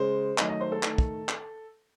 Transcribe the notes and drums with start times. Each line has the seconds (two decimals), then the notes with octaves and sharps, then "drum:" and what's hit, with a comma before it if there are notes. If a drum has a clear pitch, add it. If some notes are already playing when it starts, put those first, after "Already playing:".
Already playing: C#3 G#3 C5
0.38 D#3 F#3 A3 D#5, drum: clap
0.49 D#5
0.61 C5
0.72 A4
0.83 D#3 A3, drum: clap
0.98 drum: kick
1.29 drum: clap